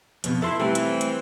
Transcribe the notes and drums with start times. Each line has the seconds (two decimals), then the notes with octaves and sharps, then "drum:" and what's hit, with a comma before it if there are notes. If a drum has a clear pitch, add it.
0.24 F2 B2, drum: hi-hat
0.42 E4 A4 C6
0.60 E3 G3 A3 C4
0.75 drum: hi-hat
1.01 drum: hi-hat